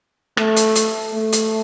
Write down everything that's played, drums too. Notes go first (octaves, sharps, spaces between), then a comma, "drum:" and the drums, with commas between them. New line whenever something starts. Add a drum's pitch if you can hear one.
A3, drum: rim click
drum: hi-hat
drum: hi-hat
A3
drum: hi-hat